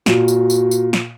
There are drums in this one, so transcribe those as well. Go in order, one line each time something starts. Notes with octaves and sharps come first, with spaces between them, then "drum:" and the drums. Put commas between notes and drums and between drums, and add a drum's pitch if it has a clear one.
A#2 F#4, drum: snare
drum: tambourine
drum: tambourine
drum: tambourine
drum: snare